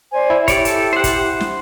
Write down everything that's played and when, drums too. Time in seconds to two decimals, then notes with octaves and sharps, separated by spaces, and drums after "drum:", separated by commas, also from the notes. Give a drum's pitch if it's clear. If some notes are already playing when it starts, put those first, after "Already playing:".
0.12 C5 D5 G#5
0.30 E4
0.48 G4 C#5 D5, drum: kick, hi-hat
0.65 A4, drum: hi-hat
0.93 C5 F#5
1.04 drum: kick, hi-hat
1.40 drum: snare